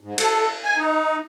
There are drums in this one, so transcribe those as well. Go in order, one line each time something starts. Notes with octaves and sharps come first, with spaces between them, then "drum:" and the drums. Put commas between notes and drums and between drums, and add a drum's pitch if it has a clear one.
G#2
A4, drum: cymbal
G#5
D#4